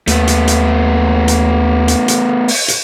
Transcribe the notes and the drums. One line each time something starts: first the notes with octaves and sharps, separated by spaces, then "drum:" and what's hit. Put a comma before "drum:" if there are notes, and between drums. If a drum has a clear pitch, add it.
D#2 A3 B3, drum: hi-hat
drum: hi-hat
drum: hi-hat
drum: hi-hat
drum: hi-hat
drum: hi-hat
drum: open hi-hat
drum: hi-hat